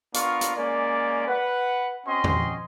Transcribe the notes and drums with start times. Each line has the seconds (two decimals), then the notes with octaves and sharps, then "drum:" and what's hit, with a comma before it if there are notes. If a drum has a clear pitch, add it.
0.14 B3 D4 F4 A#4 F5 C#6, drum: hi-hat
0.41 drum: hi-hat
0.56 G#3 A#3 C#4 D5
1.28 B4 F#5
2.06 C4 C#4 F#4 D#5 C6
2.24 drum: tom E2